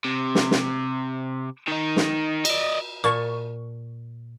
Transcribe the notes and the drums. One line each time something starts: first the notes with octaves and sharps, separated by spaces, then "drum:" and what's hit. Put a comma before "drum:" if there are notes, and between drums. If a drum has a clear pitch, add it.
C3
drum: snare
drum: snare
D#3 D#4
drum: snare
D5 D#5, drum: cymbal
A#2 A5 C#6